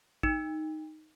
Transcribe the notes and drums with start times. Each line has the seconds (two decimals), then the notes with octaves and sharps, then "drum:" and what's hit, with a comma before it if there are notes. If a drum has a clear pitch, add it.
0.23 D#4, drum: kick